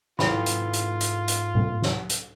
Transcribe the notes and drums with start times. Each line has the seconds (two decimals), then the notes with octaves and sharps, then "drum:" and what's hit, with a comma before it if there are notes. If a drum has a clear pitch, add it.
0.19 G#2 E4 F4 A4 B4 G5 B5, drum: snare
0.46 drum: hi-hat
0.73 drum: hi-hat
1.01 drum: hi-hat
1.28 drum: hi-hat
1.55 drum: tom A#2
1.82 drum: snare
2.10 drum: hi-hat